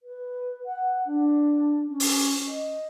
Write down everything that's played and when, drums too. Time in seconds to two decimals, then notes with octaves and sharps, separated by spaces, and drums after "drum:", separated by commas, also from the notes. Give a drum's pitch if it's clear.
0.01 B4
0.65 F#5
1.05 D4
1.88 C#4
2.00 drum: open hi-hat
2.46 D#5